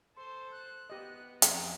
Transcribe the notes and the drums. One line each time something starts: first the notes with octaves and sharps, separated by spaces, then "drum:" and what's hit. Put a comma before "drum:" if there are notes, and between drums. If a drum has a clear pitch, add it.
A4 C5 C6
F#6
B3 G4 D#5
F2 A#5, drum: hi-hat